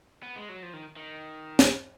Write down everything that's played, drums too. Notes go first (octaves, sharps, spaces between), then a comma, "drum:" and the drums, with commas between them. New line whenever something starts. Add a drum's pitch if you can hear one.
B3
G#3
F#3
F3
D#3
D#3
drum: snare